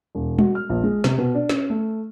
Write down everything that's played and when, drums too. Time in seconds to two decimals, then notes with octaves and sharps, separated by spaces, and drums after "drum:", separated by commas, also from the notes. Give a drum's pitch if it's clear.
0.15 E1
0.39 F#4, drum: tom G3
0.55 F6
0.69 A#1
0.83 G#3
1.04 C3, drum: snare
1.18 B2
1.34 D4
1.49 C#4, drum: snare
1.70 A3